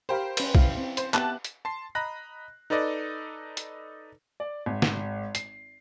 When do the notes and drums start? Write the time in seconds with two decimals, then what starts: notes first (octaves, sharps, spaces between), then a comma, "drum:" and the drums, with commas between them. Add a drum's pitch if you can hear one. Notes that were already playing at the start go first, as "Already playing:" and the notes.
0.09 G4 A#4 C5 F5 B5
0.37 C#4 B4, drum: cymbal
0.55 E4 F5, drum: kick
0.78 C4
0.97 C5, drum: hi-hat
1.14 B3 G4 E5 A5 F#6, drum: clap
1.45 drum: hi-hat
1.65 A5 C6 C7
1.95 D#5 A#5 B5 F#6 A#6
2.70 D#4 A4 B4 D5 D#5
3.57 drum: hi-hat
4.40 D5
4.66 G#1
4.82 drum: snare
5.35 C7, drum: hi-hat